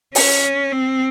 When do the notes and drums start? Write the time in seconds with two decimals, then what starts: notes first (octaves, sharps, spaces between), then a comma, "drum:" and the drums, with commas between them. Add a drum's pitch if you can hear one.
0.15 C#4, drum: open hi-hat
0.72 C4